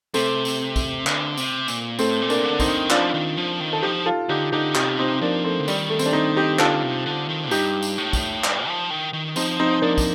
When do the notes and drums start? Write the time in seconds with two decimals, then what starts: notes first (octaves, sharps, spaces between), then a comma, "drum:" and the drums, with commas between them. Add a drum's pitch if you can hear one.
0.14 C3 A3 C4, drum: tambourine
0.45 drum: tambourine
0.76 drum: kick, tambourine
1.07 D3, drum: clap
1.37 C3, drum: tambourine
1.68 A#2, drum: tambourine
1.99 A2 A3 C4, drum: tambourine
2.22 A#2
2.30 A#3 D4, drum: tambourine
2.45 D3
2.52 D4
2.60 C4 D#4, drum: kick, tambourine
2.68 D#3
2.90 F3 D4 F4, drum: clap
3.14 D#3
3.37 F3
3.60 D#3
3.73 A4
3.83 F3 D#4 G4
4.06 F4 A4
4.29 D3 D#4 G4
4.52 D3 D#4 G4
4.75 C3 D#4 G4, drum: clap
4.99 C4 D#4
5.21 F3 A#3 D4
5.44 A3 C4
5.59 D3
5.68 D#3 G3, drum: tambourine
5.90 A3
5.99 C4, drum: tambourine
6.06 D4
6.13 C4 D#4
6.36 D#4 G4
6.59 D3 F4 A4, drum: clap
6.83 C3
7.06 D3
7.29 D#3
7.51 G2 D#4 G4, drum: tambourine
7.83 drum: tambourine
7.98 A2
8.13 drum: kick, tambourine
8.44 G2, drum: clap
8.67 F3
8.90 D#3
9.13 D#3
9.36 F3 C4 D#4, drum: tambourine
9.59 C4 D#4
9.82 F3 A#3 D4
9.98 drum: kick, tambourine